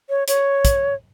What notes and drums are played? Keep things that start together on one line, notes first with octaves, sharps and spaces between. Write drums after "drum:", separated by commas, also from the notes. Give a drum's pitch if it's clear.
C#5
C#5, drum: hi-hat
drum: kick, hi-hat